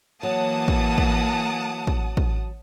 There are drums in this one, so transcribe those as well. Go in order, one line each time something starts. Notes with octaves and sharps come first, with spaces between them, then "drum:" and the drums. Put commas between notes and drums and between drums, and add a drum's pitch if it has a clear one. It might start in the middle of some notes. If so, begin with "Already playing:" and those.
E3 F#3 A#3 F#5 A5 D#6
drum: kick
drum: kick
drum: kick
drum: kick